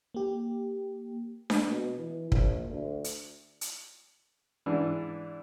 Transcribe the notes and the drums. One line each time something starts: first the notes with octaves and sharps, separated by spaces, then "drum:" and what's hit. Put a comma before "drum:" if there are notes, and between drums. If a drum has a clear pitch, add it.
A#3 G4
drum: snare D4
B2
E3
A#1, drum: kick
D2
drum: hi-hat
drum: hi-hat
G#2 E3 D4